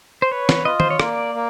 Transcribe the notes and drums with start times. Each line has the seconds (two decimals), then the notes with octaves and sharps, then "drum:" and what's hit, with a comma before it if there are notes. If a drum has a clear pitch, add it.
0.22 C5
0.31 B4 C#5
0.49 drum: snare
0.65 F4 D#5
0.80 C5, drum: tom D#3
0.90 C#5
1.00 A#3 D5, drum: rim click
1.35 A#3